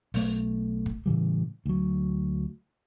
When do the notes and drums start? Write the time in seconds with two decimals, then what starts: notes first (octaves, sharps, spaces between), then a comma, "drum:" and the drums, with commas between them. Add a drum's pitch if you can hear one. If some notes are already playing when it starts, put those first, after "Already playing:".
0.14 B1 A3, drum: open hi-hat
0.86 drum: kick
1.06 A2 C#3 E3 G3
1.66 D2 F#3